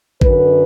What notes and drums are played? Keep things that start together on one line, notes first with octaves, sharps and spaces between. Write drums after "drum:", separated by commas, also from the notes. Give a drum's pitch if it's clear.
F#2 D3 B4, drum: kick A1